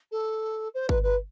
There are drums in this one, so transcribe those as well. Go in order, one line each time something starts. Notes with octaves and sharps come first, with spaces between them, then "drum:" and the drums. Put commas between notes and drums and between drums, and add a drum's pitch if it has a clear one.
A4
C5
B4, drum: kick
B4